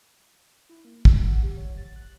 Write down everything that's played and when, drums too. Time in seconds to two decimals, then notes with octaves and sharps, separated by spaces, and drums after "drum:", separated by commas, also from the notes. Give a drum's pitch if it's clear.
0.69 E4
0.85 A#3
1.05 E6, drum: kick
1.21 F#5
1.43 G4
1.57 C#5
1.77 A6
1.96 F#6